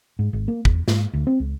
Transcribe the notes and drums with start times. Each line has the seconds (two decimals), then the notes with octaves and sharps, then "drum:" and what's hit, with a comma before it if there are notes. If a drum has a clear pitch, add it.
0.19 G#2
0.33 G#1
0.48 A#3
0.65 E2, drum: kick
0.88 G#2, drum: snare
1.14 D2
1.27 C4
1.40 C#2